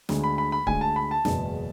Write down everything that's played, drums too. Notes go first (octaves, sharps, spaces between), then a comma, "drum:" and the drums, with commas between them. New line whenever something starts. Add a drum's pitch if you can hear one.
D2 D3 G#3, drum: snare
B5
B5
B5
D2 D3 G#3 G#5, drum: kick
A5
B5
A5
F#1 E2 B2 G#3, drum: snare